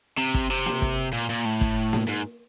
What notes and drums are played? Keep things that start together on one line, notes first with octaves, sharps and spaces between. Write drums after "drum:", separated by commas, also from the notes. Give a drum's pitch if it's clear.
C3
drum: kick
C3
drum: snare A#3
drum: kick
A#2
A#2
A2
drum: kick
drum: snare A#3
G#2